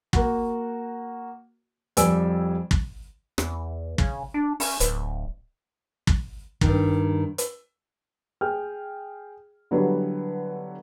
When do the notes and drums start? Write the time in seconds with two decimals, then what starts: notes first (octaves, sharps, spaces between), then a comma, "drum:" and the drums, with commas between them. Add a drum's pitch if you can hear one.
0.13 A#3 F#4, drum: kick
1.97 F2 G3 D5 G#5 E6 D7, drum: hi-hat
2.71 drum: kick
3.38 E2, drum: rim click
3.98 C#3, drum: kick
4.34 D4
4.60 C#4, drum: open hi-hat
4.80 D1, drum: hi-hat
6.07 drum: kick
6.61 G2 D#3, drum: kick
7.38 drum: hi-hat
8.41 G#4 G5 F6
9.71 D3 F#3 G3 B3 E4